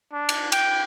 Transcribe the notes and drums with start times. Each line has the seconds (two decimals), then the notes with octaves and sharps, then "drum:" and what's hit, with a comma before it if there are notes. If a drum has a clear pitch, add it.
0.13 D4
0.29 drum: cymbal
0.52 G5, drum: cymbal